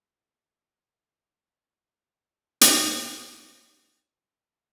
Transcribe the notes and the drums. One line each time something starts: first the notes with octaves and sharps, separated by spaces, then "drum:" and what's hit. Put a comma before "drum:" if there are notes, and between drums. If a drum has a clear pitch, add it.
D#4 E4 G#4 A4 D#5
drum: hi-hat
C4 C5